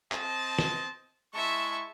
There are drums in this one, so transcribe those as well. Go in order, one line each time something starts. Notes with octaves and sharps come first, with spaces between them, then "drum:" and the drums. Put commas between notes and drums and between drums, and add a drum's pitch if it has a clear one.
C4 D#5 A5, drum: clap
drum: snare
G#3 E4 E5 A5 C#6